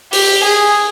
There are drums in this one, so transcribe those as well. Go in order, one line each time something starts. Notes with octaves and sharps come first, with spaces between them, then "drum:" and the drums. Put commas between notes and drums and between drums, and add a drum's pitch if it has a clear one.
G4, drum: open hi-hat
G#4